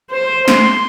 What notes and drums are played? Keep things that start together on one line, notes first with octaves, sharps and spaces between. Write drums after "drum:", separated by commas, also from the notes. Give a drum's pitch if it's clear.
C5
C6, drum: snare